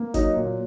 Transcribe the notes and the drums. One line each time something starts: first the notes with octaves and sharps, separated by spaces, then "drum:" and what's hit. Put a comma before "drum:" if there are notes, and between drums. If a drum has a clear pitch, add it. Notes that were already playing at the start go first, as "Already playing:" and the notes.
Already playing: A#3
F#3 D#4, drum: kick, hi-hat
A#2